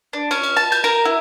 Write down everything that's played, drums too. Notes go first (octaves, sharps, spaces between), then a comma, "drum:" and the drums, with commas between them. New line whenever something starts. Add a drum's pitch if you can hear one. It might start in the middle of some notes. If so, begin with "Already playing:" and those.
D4
C#4, drum: cymbal
drum: cymbal
A5, drum: cymbal
G6, drum: cymbal
A#4, drum: cymbal
E4